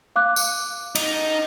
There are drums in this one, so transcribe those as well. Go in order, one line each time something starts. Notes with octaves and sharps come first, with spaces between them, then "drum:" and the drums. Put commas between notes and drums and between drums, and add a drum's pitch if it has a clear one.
F5 D6 F#6
drum: tambourine
D#4, drum: cymbal